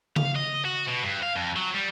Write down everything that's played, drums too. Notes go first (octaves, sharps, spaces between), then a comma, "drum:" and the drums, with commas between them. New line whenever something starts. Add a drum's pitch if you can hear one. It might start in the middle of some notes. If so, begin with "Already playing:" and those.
F5, drum: tom C#3
D#5
F#4
B2
G2
F5
F2
F#3
G3